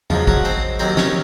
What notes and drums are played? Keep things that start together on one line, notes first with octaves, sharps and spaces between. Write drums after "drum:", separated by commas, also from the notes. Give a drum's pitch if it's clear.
G#2 F3 F#3 F4, drum: tom E2
F#3 F#4, drum: kick
C4 C5
D#2 D#3 F#3 C4 C5
C#4 C#5, drum: snare